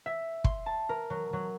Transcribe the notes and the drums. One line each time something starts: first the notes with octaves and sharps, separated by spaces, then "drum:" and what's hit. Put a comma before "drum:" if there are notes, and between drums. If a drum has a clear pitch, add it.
E5
C6, drum: kick
A5
A#4
F#3
F#3